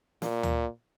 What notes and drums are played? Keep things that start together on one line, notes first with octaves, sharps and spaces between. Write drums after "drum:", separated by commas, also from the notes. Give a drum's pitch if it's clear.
A#2, drum: snare
drum: tom D2